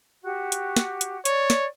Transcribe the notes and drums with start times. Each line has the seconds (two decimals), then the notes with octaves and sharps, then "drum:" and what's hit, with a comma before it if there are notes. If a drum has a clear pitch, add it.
0.24 F#4 G4
0.52 drum: hi-hat
0.76 drum: snare
1.01 drum: hi-hat
1.25 C#5 D5, drum: hi-hat
1.50 drum: snare